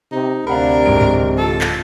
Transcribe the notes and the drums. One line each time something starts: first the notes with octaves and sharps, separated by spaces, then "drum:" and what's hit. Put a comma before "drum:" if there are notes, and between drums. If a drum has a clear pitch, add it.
C3 D#4
D2 C3 D4 A#4 F5 F#5 B5
D1 G#3 D7
drum: tom G#2
F4 A4
drum: clap